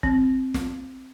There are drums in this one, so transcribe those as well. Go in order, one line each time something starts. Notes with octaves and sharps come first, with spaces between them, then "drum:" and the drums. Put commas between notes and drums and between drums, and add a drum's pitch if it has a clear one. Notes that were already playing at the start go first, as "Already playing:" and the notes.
C4, drum: kick
drum: snare